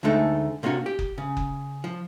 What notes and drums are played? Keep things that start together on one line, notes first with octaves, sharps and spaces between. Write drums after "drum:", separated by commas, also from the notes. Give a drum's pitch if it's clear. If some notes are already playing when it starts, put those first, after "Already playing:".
D2 D3 G#3 A3 D#4
C3 A#3 D4 F4 F#4
G4
drum: kick F#1
C#3
drum: kick F#1
F3